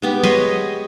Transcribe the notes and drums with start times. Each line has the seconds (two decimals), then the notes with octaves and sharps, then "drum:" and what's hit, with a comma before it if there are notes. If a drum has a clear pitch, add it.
0.02 G#3 B3 G4
0.24 C#5 D#5 B5 C6, drum: snare